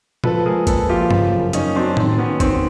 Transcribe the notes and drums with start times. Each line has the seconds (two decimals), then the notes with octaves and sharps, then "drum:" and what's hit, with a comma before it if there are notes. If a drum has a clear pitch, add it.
0.24 F3 A4 B4, drum: tom A#2
0.46 G#3 G#4 A#4
0.67 A#2 A4 B4, drum: kick, hi-hat
0.89 F3 F4 G4
1.11 C#3, drum: tom G2
1.32 F#2
1.53 F#2 C#4 D#4, drum: hi-hat
1.75 F#3 C4 D4
1.97 D#3 C4, drum: tom A2
2.18 D#3 B3 C#4
2.40 D#3 C4, drum: kick, hi-hat